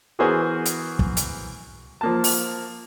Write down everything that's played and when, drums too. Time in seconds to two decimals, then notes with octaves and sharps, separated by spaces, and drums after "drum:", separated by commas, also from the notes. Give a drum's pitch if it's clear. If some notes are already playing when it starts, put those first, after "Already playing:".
0.19 E3 B3 F#4 G#4 A#4 C5
0.65 drum: hi-hat
0.99 drum: kick
1.17 drum: hi-hat
2.01 F3 A#3 A5
2.24 drum: open hi-hat